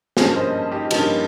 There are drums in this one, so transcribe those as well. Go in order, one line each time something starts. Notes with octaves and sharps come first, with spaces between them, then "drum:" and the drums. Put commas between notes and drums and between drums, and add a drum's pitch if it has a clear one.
G2 F3 A#3 C#4 G#4 C5, drum: snare
C5 D#5
D#4 G4
G2 F3 A#3 C#4 D#4, drum: cymbal